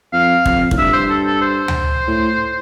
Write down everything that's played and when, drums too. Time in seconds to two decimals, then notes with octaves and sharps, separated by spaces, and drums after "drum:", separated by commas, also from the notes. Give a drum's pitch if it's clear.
0.13 F2 F5
0.46 F2, drum: kick
0.71 A2, drum: kick
0.77 G2 E5
0.93 C5
1.10 A4
1.27 A4
1.42 C5
1.68 drum: tom D2
2.07 A2